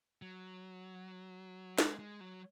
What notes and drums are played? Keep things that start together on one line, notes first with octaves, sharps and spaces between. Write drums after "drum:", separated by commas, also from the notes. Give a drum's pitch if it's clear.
F#3
G#3, drum: snare
G#3
F#3